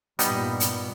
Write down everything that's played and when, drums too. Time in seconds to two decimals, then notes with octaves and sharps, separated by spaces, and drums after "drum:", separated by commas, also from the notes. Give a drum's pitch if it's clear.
0.19 G2 A#2 G3 B3 D#4, drum: hi-hat
0.60 drum: hi-hat